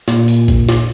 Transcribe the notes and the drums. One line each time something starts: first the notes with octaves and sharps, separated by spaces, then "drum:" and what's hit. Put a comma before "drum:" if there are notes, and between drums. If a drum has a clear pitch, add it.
A#2, drum: snare
drum: open hi-hat
drum: kick A1, hi-hat
drum: snare